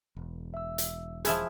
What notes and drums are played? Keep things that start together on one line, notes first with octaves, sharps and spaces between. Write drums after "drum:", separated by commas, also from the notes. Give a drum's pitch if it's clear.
E1
E5 E6
drum: hi-hat
F3 E4 G#4 G#5 A5 B5 F6, drum: hi-hat